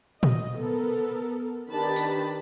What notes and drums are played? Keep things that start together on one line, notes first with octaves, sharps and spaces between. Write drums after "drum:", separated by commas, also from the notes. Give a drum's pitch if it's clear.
D#5, drum: tom A#2
B3 A4 A#4
D#3 D4 G4 B4 A5 B5
drum: tambourine